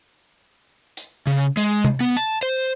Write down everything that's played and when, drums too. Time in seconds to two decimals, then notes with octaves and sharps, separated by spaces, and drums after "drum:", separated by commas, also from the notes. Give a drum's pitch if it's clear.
0.97 drum: hi-hat
1.27 C#3
1.57 G#3, drum: hi-hat
1.84 drum: tom C3
2.00 B3
2.17 A5
2.43 C5